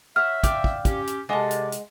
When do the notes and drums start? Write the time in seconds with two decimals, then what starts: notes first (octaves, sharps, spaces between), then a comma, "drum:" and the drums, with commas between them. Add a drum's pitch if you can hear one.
0.16 C#5 E5 F#5 F6
0.43 D5 F5 G5, drum: kick, hi-hat
0.64 drum: kick
0.85 C#4 G4, drum: kick, hi-hat
1.07 drum: hi-hat
1.29 C3 G#3 A4 D5 D#5 F#5
1.51 drum: hi-hat
1.72 drum: hi-hat